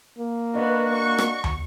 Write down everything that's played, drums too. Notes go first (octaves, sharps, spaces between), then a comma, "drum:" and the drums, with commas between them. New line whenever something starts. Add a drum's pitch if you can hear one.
A#3
B3 D4 F#4 D#5
C#6
drum: rim click
drum: tom